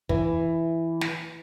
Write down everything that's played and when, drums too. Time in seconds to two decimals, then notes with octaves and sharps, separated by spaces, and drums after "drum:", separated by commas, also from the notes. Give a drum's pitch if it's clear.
0.09 E3, drum: kick
1.01 drum: snare